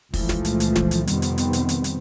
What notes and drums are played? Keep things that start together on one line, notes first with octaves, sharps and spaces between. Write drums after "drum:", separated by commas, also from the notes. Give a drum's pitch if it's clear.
C#2 A#2 E3 F3 A3, drum: kick, open hi-hat
drum: snare
drum: hi-hat
drum: hi-hat
drum: snare
drum: hi-hat
F2 C3 D#3 G3 B3 C4, drum: hi-hat
drum: hi-hat
drum: hi-hat
drum: hi-hat
drum: hi-hat
drum: hi-hat